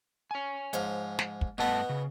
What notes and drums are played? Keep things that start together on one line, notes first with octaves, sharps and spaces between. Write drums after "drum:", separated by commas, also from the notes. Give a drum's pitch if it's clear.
C#5 G#5
G#2 F3, drum: hi-hat
drum: snare
drum: kick
G2 B2 A3 B3 A5
C#3